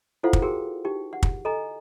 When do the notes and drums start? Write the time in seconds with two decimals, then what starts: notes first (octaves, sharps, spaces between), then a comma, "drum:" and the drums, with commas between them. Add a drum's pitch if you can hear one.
0.23 E4 F4 A4 C5 F5 F#5
0.33 drum: kick
0.42 F#4 G#4 A#4 G5
0.85 D#4 G4 G5
1.13 F#5
1.23 drum: kick
1.45 A4 D#5 G#5 A#5